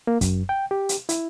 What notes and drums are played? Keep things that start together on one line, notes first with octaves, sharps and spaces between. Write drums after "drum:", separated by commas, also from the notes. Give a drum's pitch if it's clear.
A#3
F#2, drum: kick, hi-hat
G5
G4
drum: hi-hat
E4, drum: hi-hat